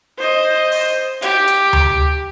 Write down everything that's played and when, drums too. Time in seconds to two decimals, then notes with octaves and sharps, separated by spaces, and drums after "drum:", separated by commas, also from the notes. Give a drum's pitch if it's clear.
0.18 C5 D#5
0.72 drum: open hi-hat
1.22 G4, drum: hi-hat
1.48 drum: hi-hat
1.73 drum: tom D2